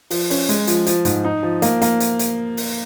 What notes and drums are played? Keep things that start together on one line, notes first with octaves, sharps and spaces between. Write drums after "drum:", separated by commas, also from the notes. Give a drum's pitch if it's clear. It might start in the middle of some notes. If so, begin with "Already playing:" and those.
F3, drum: open hi-hat
C#4, drum: open hi-hat
G#3, drum: hi-hat
F3, drum: hi-hat
F3, drum: hi-hat
G#2, drum: hi-hat
D#4
F3
A#3, drum: hi-hat
A#3, drum: hi-hat
drum: hi-hat
drum: hi-hat
drum: open hi-hat